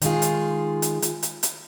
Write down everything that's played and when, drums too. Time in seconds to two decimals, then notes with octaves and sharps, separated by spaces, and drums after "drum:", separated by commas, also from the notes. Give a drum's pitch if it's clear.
0.02 D#3 G#3 F4 G#4, drum: hi-hat
0.22 drum: hi-hat
0.82 drum: hi-hat
1.02 drum: hi-hat
1.23 drum: hi-hat
1.43 drum: hi-hat